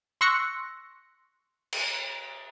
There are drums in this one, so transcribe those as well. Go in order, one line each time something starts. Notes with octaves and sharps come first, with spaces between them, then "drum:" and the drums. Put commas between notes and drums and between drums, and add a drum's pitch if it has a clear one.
C6 C#6 E6 F#6 A#6 C#7
drum: cymbal